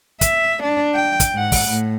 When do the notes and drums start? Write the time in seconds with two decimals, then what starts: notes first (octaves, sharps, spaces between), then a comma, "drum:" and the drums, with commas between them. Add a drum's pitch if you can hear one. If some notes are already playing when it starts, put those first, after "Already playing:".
0.21 E5, drum: kick, hi-hat
0.63 D4
0.95 G5
1.20 drum: kick, hi-hat
1.33 G#2 F#5
1.52 drum: kick, open hi-hat
1.68 A2